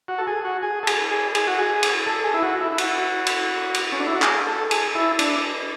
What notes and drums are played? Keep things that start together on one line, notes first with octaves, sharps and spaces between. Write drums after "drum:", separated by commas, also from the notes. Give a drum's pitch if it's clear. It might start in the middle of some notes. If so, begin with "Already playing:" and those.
F#4
A4
G#4
F#4
G#4
A4
G#4, drum: cymbal
G#4
G#4, drum: cymbal
F#4
G#4
drum: cymbal
A4
G#4
E4
F#4
E4
E4
F#4, drum: cymbal
drum: cymbal
drum: cymbal
C#4
D4
E4
F#4
G#4, drum: clap
A4
G#4, drum: cymbal
E4
D4, drum: cymbal